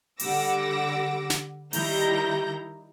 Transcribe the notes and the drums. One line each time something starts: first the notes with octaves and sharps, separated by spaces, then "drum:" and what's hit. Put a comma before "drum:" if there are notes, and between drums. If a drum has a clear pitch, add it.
D3 G3 F#5 D6 E6 A#6, drum: open hi-hat
drum: snare
D#3 G3 E4 A#5 G6 A#6, drum: open hi-hat